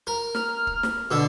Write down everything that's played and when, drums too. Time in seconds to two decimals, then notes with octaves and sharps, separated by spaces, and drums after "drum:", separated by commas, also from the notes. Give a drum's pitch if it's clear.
0.07 A#4
0.35 F6, drum: snare
0.67 drum: kick
0.83 drum: snare
1.11 B2 D3 E6